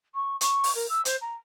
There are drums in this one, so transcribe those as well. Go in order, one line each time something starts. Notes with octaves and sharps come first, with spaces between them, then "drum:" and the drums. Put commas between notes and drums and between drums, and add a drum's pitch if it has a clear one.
C#6
C#6, drum: hi-hat
drum: open hi-hat
A#4
E6
C5, drum: hi-hat
A#5